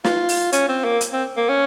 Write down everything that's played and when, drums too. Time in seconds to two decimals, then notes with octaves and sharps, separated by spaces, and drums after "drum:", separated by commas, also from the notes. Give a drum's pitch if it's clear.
0.04 F4, drum: snare
0.29 drum: open hi-hat
0.52 C#4, drum: hi-hat
0.69 C4
0.84 A#3
1.01 drum: hi-hat
1.13 C4
1.37 A#3
1.49 C#4